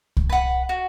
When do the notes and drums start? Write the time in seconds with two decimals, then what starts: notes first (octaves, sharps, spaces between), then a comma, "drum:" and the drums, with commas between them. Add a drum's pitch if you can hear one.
0.17 drum: kick C2
0.29 B4 F#5
0.69 F#4